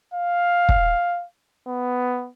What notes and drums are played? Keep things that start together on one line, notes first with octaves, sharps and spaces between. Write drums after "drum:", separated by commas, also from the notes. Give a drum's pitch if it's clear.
F5
drum: kick
B3